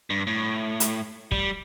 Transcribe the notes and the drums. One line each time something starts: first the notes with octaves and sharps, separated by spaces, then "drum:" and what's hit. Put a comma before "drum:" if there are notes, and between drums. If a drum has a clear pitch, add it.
G2
A2
drum: hi-hat
G3, drum: kick